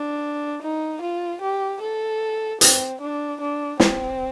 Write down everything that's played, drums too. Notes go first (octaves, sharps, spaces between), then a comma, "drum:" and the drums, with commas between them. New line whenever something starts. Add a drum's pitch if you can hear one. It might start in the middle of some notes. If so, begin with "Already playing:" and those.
Already playing: D4
D#4
F4
G4
A4
C4, drum: hi-hat
D4
D4
C4, drum: snare